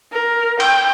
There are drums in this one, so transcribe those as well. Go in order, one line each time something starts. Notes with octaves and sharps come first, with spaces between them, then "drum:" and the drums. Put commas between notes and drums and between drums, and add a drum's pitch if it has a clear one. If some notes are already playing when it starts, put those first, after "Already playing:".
A#4
G5, drum: cymbal